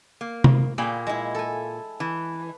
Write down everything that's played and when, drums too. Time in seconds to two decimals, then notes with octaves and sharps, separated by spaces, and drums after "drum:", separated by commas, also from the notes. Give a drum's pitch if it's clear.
0.21 A#3
0.44 drum: tom C3
0.78 A#2 A#3 G#4 G5 B5
1.07 G#3 E4
1.35 A4 G#5
2.00 E3